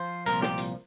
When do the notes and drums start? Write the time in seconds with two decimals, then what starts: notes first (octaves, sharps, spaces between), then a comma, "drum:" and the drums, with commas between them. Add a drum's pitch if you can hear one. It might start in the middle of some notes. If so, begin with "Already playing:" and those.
Already playing: F3 C5
0.26 C2 A#2 F3 A#4, drum: hi-hat
0.42 G4, drum: snare
0.58 drum: hi-hat